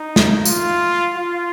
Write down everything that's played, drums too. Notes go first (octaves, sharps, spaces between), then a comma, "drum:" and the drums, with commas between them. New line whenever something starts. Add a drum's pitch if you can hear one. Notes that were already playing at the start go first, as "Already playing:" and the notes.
Already playing: D#4
drum: snare
F4, drum: tambourine
F4